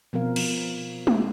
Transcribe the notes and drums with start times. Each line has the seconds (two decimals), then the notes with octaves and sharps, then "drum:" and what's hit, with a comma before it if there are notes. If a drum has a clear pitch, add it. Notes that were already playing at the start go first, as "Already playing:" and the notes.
0.13 B2 F3 C4 A#4 F5
0.36 drum: cymbal
1.07 drum: tom G#3